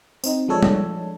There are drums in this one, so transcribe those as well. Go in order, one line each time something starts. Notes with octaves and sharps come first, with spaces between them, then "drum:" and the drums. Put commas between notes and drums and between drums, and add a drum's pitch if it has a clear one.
C4 D#4, drum: tambourine
F3 G#3 D4 A4 C#5
drum: tom